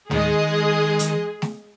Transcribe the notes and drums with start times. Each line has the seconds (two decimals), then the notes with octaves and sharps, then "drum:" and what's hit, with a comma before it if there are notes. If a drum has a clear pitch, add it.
0.11 D#3 G#3 G#4 D#5, drum: tom
0.99 drum: hi-hat
1.42 drum: snare A3